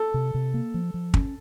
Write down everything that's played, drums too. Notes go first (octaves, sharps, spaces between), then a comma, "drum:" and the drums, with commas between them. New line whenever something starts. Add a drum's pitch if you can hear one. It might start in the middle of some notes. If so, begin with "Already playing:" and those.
Already playing: A4
C3
C3
A#3
F3
F3
C#4, drum: kick